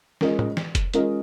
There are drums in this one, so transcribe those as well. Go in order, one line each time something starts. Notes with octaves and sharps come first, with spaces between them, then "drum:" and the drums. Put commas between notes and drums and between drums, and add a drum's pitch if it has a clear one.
G#3 C#4 F4 A#4 D#5, drum: snare
drum: tom
drum: snare
drum: kick F1, hi-hat
G#3 C#4 F4 A#4 D#5, drum: hi-hat